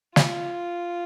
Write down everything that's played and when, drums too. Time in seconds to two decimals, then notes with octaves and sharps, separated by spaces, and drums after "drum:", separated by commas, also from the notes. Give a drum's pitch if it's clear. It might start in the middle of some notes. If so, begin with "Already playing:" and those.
0.16 F4, drum: snare